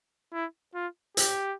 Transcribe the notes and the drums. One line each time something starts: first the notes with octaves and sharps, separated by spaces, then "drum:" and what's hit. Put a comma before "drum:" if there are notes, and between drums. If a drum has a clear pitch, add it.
E4
F4
G4, drum: hi-hat